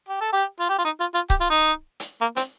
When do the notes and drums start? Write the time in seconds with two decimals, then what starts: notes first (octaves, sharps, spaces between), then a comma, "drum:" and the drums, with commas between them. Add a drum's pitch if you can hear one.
0.09 G4
0.21 A4
0.33 G4
0.60 F4
0.69 G4
0.78 F4
0.85 D#4
1.00 F4
1.15 F4
1.30 G4, drum: kick C#1
1.40 F4
1.50 D#4
2.00 drum: hi-hat
2.21 A#3
2.36 C4, drum: hi-hat